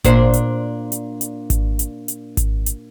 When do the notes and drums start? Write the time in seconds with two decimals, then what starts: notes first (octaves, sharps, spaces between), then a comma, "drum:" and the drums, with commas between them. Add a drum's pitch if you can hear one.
0.04 A#2 D4 C5, drum: kick G#1, hi-hat
0.34 drum: hi-hat
0.92 drum: hi-hat
1.21 drum: hi-hat
1.50 drum: kick G#1, hi-hat
1.79 drum: hi-hat
2.08 drum: hi-hat
2.37 drum: kick G#1, hi-hat
2.66 drum: hi-hat